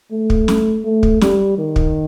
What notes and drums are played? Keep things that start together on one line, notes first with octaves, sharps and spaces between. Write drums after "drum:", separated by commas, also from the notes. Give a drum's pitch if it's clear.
A3
drum: kick
drum: snare
A3
drum: kick
G3, drum: snare
D#3
drum: kick